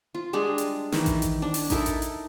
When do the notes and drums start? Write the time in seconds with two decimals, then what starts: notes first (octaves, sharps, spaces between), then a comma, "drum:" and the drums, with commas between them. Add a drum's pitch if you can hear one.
0.15 F4
0.33 G3 G#3 D4 G#4
0.58 drum: hi-hat
0.92 D#3 E3, drum: snare
1.06 drum: kick A1, hi-hat
1.22 drum: hi-hat
1.42 D4
1.54 drum: open hi-hat
1.70 D#4 E4 A4 A#4, drum: kick A1, hi-hat
1.86 drum: hi-hat
2.02 drum: hi-hat